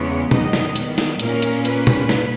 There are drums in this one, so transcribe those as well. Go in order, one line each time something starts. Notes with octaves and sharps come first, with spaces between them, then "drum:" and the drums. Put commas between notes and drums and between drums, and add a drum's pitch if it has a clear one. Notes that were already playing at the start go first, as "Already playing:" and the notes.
Already playing: E2 C#3 G#3 B3 C#5
E2 D#3 F#3 B3 D#5, drum: tom
drum: snare
drum: hi-hat
drum: snare
A#2 A#3 C#4 A#4, drum: hi-hat
drum: hi-hat
B4, drum: hi-hat
drum: tom
drum: snare